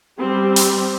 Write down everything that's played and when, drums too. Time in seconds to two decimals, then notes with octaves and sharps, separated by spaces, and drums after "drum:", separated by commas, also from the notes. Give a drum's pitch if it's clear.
0.20 G3 C4 G4
0.56 drum: hi-hat